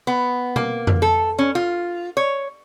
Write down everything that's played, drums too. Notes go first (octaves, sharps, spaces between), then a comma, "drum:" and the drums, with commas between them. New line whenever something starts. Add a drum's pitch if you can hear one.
B3
A#3, drum: tom B2
drum: tom F2
A4
C#4
F4
C#5